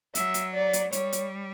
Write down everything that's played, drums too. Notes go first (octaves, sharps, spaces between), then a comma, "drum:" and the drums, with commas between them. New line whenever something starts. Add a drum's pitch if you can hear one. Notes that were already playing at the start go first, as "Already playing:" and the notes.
F#3 E5, drum: hi-hat
drum: hi-hat
D5
drum: hi-hat
G3 C#5, drum: hi-hat
drum: hi-hat